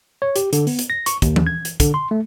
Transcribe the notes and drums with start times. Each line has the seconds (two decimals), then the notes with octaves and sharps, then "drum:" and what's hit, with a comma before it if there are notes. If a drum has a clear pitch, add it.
0.22 C#5
0.36 G4, drum: hi-hat
0.53 D3, drum: hi-hat
0.67 B3, drum: open hi-hat
0.79 drum: hi-hat
0.90 A#6
1.06 C#6, drum: hi-hat
1.22 D#2, drum: kick, hi-hat
1.36 drum: tom E3
1.47 G#6
1.65 drum: hi-hat
1.80 D3, drum: kick, hi-hat
1.94 C6
2.11 A3